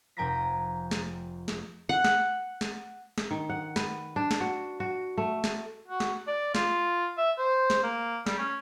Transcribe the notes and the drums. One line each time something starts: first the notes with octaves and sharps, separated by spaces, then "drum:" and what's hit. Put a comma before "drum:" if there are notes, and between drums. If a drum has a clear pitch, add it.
F1 G5 G#5 A#5 A#6 B6
drum: snare
drum: snare
F#5
drum: snare
drum: snare
drum: snare
D#3
F#5
B4, drum: snare
D4
drum: snare
F#4
F#4
A3
drum: snare
F#4
drum: snare
D5
F4, drum: snare
E5
C5
drum: snare
A#3
G3, drum: snare
C#4